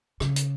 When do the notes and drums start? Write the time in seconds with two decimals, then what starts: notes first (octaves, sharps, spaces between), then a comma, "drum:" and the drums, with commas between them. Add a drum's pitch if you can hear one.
0.20 C#3, drum: rim click
0.36 drum: hi-hat